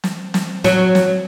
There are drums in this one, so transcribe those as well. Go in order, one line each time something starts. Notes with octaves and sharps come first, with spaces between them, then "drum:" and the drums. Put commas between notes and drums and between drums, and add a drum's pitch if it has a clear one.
drum: snare
drum: snare
F#3, drum: snare
drum: snare